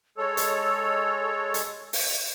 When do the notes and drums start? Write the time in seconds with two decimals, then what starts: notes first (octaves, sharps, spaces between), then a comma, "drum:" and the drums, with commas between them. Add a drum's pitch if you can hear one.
0.18 G#3 A4 C#5 E6
0.37 drum: hi-hat
1.54 drum: hi-hat
1.93 drum: open hi-hat